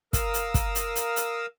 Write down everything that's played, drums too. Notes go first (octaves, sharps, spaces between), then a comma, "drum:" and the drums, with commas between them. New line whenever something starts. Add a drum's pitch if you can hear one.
A#4 F5 D#6 E6, drum: kick, hi-hat
drum: hi-hat
drum: kick, hi-hat
drum: hi-hat
drum: hi-hat
drum: hi-hat